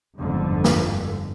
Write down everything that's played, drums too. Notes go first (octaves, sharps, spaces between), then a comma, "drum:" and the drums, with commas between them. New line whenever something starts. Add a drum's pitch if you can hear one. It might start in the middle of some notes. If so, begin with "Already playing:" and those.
G1 F2 G#2 D3
drum: snare